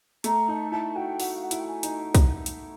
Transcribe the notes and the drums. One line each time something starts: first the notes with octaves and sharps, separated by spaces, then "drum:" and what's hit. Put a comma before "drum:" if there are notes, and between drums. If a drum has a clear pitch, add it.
A3 A#5, drum: hi-hat
D#4 A5
E4 A5
F#4 G5
F#4 F#5, drum: open hi-hat
F5
F#5
E4, drum: hi-hat
G5
G#5
D#4, drum: hi-hat
drum: kick, hi-hat
drum: hi-hat